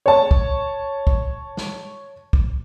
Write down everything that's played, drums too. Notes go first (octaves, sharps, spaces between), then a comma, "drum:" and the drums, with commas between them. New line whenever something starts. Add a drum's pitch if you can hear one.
C#5 A5
drum: kick
drum: kick
drum: snare
drum: kick